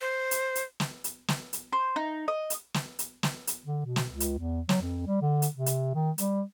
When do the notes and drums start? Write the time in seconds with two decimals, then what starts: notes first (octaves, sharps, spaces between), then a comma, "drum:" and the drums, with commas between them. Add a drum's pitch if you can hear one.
0.01 C5
0.31 drum: hi-hat
0.55 drum: hi-hat
0.80 drum: snare
1.04 drum: hi-hat
1.28 drum: snare
1.53 drum: hi-hat
1.72 C5
1.96 D#4
2.28 D#5
2.50 drum: hi-hat
2.74 drum: snare
2.99 drum: hi-hat
3.23 drum: snare
3.47 drum: hi-hat
3.66 D3
3.86 B2
3.96 drum: snare
4.11 C#2
4.20 drum: hi-hat
4.38 E2
4.69 F#3, drum: snare
4.82 F2
5.07 G3
5.22 D3
5.42 drum: hi-hat
5.56 C3
5.66 drum: hi-hat
5.94 D#3
6.18 G3, drum: hi-hat